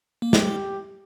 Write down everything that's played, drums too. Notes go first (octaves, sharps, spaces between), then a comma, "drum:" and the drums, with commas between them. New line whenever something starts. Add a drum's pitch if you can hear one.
A#3
G#3 G4, drum: snare
G#3